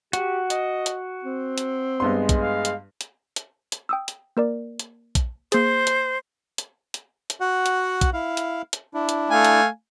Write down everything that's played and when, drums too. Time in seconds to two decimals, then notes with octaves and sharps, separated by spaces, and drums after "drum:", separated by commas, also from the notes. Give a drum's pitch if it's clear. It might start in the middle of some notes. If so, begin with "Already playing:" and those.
0.13 F#4 G4, drum: hi-hat
0.50 D#5, drum: hi-hat
0.86 drum: hi-hat
1.24 C4
1.58 drum: hi-hat
2.00 G2 G#3 B3 C6
2.29 drum: kick A#1, hi-hat
2.39 F5
2.65 drum: hi-hat
3.01 drum: hi-hat
3.36 drum: hi-hat
3.72 drum: hi-hat
3.89 G5 D#6 E6
4.08 drum: hi-hat
4.37 A#3 A#4 D5
4.79 drum: hi-hat
5.15 drum: kick A#1, hi-hat
5.52 A#3 G#4 C5, drum: hi-hat
5.87 drum: hi-hat
6.58 drum: hi-hat
6.94 drum: hi-hat
7.30 drum: hi-hat
7.40 F#4 F#5
7.66 drum: hi-hat
8.01 drum: kick A#1, hi-hat
8.13 E4 F5
8.37 drum: hi-hat
8.73 drum: hi-hat
8.94 D4 E4
9.09 drum: hi-hat
9.31 A3 F5 G#5
9.45 drum: hi-hat